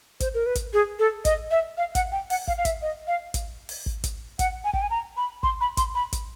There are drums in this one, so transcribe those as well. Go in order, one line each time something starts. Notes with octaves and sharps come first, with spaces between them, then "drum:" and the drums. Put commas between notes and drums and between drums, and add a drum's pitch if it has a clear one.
C5, drum: kick, hi-hat
A#4
B4
drum: kick, hi-hat
G#4
A4
D#5, drum: kick, hi-hat
E5
F5
F#5, drum: kick, hi-hat
G5
F#5, drum: open hi-hat
F5, drum: kick
F5
E5, drum: kick, hi-hat
D#5
F5
drum: kick, hi-hat
drum: open hi-hat
drum: kick
drum: kick, hi-hat
F#5, drum: kick, hi-hat
G#5
G5, drum: kick
G#5
A#5
B5
C6, drum: kick
B5
C6, drum: kick, hi-hat
B5
drum: kick, hi-hat